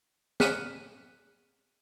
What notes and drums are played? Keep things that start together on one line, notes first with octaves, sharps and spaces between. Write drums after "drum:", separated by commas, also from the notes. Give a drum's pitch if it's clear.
F6 F#6 B6 C#7 D#7 E7, drum: snare